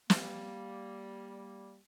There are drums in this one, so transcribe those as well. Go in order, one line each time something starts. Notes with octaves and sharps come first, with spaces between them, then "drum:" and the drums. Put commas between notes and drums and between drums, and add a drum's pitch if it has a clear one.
G3 A#3, drum: snare